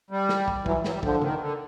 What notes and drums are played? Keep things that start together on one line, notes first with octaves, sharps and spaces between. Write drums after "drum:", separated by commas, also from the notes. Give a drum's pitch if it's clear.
G3
drum: snare
drum: kick
E3 F#3, drum: kick
F#3, drum: snare
G3
D3 F3, drum: kick
D#3, drum: tom C#3
D3